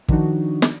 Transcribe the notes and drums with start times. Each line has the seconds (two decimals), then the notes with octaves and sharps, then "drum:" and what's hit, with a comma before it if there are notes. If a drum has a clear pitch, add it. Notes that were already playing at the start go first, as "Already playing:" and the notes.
0.08 D#3 F3 D4 D#4 F#4, drum: kick
0.62 drum: snare